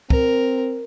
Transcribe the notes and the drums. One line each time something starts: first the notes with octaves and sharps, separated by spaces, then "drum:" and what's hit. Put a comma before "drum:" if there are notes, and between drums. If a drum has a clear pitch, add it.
C4 A#4, drum: kick